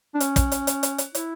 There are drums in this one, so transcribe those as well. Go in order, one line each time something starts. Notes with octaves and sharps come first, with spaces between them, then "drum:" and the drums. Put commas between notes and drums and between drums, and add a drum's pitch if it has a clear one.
D4
C#4, drum: hi-hat
drum: kick, hi-hat
drum: hi-hat
drum: hi-hat
drum: hi-hat
drum: hi-hat
E4, drum: hi-hat